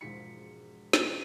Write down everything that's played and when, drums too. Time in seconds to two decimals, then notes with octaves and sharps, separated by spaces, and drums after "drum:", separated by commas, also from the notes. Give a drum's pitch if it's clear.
0.01 E1 G#2 F3 F4 B6 C#7
0.93 drum: snare